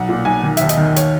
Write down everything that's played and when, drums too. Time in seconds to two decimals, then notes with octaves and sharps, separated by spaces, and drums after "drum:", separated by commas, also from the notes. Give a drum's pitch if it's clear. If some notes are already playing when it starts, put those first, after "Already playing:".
Already playing: B1 F#5
0.09 A#2
0.25 B1 G#5
0.43 D#3
0.57 D#2 E5, drum: hi-hat
0.69 D#5, drum: hi-hat
0.78 D#3
0.96 C#5, drum: hi-hat